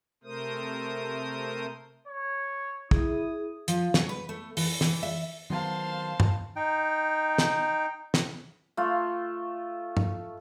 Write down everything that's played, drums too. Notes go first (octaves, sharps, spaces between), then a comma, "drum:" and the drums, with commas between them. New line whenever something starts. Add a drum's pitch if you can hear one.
C3 A3 A#4 C5 D#6
C#5
E4 G#4 D#6, drum: kick
F3, drum: hi-hat
F#3, drum: snare
B4
A3
E3, drum: open hi-hat
E3, drum: snare
E5
D#3 F#3 B3 C5 F5 A5 C6
drum: tom G2
D#4 G5
drum: snare
drum: snare
A3 F4
drum: tom G2